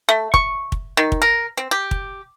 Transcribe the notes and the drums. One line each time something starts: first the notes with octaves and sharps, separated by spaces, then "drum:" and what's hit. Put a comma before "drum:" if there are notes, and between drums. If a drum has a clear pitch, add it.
A3
C#6, drum: kick
drum: kick
D#3
drum: kick
A#4
C4
G4
drum: kick